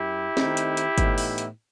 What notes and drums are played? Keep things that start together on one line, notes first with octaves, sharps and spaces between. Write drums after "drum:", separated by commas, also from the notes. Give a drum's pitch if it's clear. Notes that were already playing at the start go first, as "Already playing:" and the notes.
Already playing: F#2 E4 G4
D#3 A3 C4 D#4, drum: snare
drum: hi-hat
drum: hi-hat
A2 E3 B3 D#4, drum: kick G1, hi-hat
drum: open hi-hat
drum: hi-hat